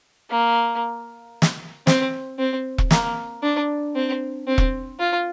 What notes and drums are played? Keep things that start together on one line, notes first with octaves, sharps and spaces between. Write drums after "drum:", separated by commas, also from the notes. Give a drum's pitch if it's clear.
A#3
drum: snare
C4, drum: snare
C4
drum: kick E1
A#3, drum: snare
D4
C4
C4
drum: kick E1
F4